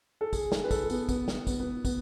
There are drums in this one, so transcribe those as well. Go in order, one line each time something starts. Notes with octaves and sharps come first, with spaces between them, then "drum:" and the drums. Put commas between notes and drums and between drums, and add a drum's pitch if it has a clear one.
A4
G#4, drum: kick, tambourine
drum: snare
B4
A4, drum: kick, tambourine
B3, drum: tambourine
B3, drum: kick, tambourine
drum: snare
B3, drum: kick, tambourine
B3
B3, drum: kick, tambourine